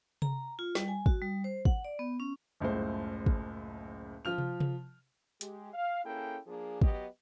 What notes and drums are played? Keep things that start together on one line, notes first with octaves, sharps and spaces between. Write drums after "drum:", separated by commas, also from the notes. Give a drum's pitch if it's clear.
A#5, drum: tom C3
F4
G3, drum: snare
G#5
F#4, drum: kick
G3
C5
F#5, drum: kick
D5
B3
C#4
F#1 C#2 A2 C5
drum: kick
F3 F4 F6 F7
drum: tom
drum: tom C3
G#3 G4, drum: hi-hat
F5
A#3 C#4 E4 G#4 A4 G5
F3 A#3 D4 G#4
F#3 B3 G4 D#5, drum: kick